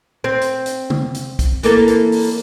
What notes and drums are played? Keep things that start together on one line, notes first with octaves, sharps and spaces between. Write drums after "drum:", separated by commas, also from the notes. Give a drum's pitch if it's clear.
C4
drum: hi-hat
drum: hi-hat
drum: tom
drum: hi-hat
drum: kick, hi-hat
E3 A#3 A4, drum: hi-hat
drum: hi-hat
drum: open hi-hat